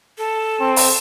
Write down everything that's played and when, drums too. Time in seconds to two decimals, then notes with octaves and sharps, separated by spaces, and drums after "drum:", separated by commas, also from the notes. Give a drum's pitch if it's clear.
0.18 A4
0.60 C4
0.76 drum: open hi-hat